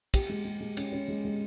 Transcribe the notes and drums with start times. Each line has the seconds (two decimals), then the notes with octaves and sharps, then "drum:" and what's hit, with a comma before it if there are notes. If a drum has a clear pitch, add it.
0.14 G4, drum: kick, cymbal
0.29 G#3
0.45 G#3
0.60 G#3
0.77 C#4, drum: cymbal
0.93 C#4
1.08 G#3
1.25 G#3